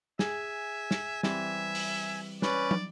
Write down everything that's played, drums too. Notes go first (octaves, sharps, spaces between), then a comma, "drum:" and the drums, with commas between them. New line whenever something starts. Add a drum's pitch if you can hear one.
G#4 E5 G#5, drum: snare
drum: snare
E3 G3 C4 E5, drum: snare
drum: open hi-hat
C#4 B4 D5 F#6, drum: snare
drum: tom